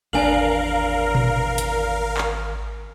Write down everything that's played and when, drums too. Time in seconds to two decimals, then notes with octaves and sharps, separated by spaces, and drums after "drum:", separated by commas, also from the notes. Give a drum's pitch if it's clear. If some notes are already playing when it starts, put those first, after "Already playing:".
0.13 G#1 E2 D4 A#4 F5 G#5 F#7
1.15 drum: tom A#2
1.58 drum: hi-hat
2.18 drum: clap